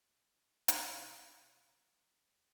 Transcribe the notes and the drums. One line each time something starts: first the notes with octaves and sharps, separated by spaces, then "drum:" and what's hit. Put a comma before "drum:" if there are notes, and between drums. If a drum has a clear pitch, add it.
B2, drum: hi-hat